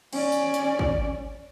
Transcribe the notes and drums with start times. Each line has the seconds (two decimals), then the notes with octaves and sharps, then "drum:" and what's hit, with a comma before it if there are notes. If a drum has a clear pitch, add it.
0.13 C#4 D5, drum: cymbal
0.32 drum: tambourine
0.54 drum: hi-hat
0.79 drum: kick